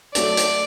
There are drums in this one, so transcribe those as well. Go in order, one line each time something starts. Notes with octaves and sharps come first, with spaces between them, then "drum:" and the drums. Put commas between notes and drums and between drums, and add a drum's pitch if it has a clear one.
F#3 A3 D4 F#4 D5, drum: hi-hat
drum: hi-hat